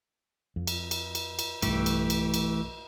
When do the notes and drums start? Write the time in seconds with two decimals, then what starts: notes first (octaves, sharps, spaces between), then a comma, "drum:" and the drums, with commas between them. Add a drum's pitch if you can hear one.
0.56 F2
0.67 drum: cymbal
0.91 drum: cymbal
1.15 drum: cymbal
1.39 drum: cymbal
1.62 B1 G2 E3 A3 G4, drum: cymbal
1.86 drum: cymbal
2.10 drum: cymbal
2.34 drum: cymbal